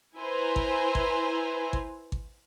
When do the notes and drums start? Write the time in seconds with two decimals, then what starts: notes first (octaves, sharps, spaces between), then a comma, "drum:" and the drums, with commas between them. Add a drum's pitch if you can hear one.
0.17 E4 B4 C5 G#5 A#5
0.56 drum: kick G#1
0.95 drum: kick G#1
1.73 drum: kick G#1
2.12 drum: kick G#1